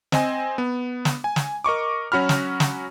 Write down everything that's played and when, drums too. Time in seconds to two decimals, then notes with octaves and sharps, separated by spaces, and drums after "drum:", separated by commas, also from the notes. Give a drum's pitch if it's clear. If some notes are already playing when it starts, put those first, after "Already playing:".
0.12 C4 D#5 G#5, drum: snare
0.58 B3
1.05 drum: snare
1.24 G#5
1.36 drum: snare
1.64 A#4 D#5 C#6 D6
2.12 F#3 C#4 F#4 B5 F6
2.29 drum: snare
2.60 drum: snare